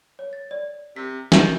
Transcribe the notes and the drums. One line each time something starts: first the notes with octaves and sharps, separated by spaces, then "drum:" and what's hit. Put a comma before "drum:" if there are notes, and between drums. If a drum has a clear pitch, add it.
C#5
A6
D5
C3 B6
D#3, drum: snare